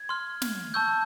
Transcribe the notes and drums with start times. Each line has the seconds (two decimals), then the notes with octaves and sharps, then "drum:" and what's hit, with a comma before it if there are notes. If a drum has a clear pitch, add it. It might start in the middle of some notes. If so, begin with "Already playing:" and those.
Already playing: G#6
0.09 C6 F6
0.42 drum: snare
0.74 A5 C#6 E6 G6